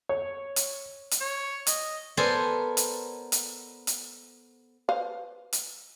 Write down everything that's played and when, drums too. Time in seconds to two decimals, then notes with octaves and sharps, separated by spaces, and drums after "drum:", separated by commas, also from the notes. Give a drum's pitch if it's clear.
0.09 C#5
0.56 drum: hi-hat
1.11 drum: hi-hat
1.21 C#5
1.67 D#5, drum: hi-hat
2.17 B3 A4 A#4 C5 D5 G#5
2.77 drum: hi-hat
3.32 drum: hi-hat
3.87 drum: hi-hat
4.89 B4 C5 F5
5.53 drum: hi-hat